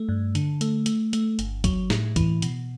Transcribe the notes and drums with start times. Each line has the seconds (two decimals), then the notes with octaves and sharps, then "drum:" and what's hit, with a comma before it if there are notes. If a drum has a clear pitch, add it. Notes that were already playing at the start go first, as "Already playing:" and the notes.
Already playing: A3
0.09 G2
0.35 D3, drum: hi-hat
0.61 A3, drum: hi-hat
0.86 A3, drum: hi-hat
1.13 A3, drum: hi-hat
1.39 G1, drum: hi-hat
1.64 F#3, drum: kick, hi-hat
1.90 A2, drum: snare
2.16 E3, drum: kick, hi-hat
2.42 B2, drum: hi-hat